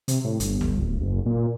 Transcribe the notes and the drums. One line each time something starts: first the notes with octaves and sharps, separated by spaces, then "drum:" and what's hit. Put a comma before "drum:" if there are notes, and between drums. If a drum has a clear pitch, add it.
C3, drum: hi-hat
A2
G1, drum: hi-hat
drum: tom C#2
D1
F#1
A#2